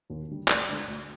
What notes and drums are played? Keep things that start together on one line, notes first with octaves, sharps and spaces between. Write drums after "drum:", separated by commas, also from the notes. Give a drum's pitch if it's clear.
D#2
D3 G3
D2 D5, drum: clap
D3 G#3
D2